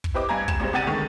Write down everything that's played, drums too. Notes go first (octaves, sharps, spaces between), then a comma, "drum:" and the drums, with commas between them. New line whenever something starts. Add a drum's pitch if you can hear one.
drum: kick
E4 G4 B4 C5 D#5 D6
G2 G#5 A#5 G#6
C#2 E7, drum: kick
G#1 G3 G#3 C5
C2 C3 F#5 A6 D#7
D3 D#3 G#3 C#6